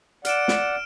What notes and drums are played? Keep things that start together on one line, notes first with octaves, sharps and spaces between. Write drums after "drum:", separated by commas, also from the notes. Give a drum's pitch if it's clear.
D5 F#5 F6 D7 E7, drum: hi-hat
drum: snare